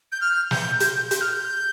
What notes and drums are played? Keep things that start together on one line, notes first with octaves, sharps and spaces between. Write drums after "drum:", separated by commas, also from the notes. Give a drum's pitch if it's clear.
G6
F6
G6, drum: snare
G6, drum: hi-hat
G6, drum: hi-hat
F6
G6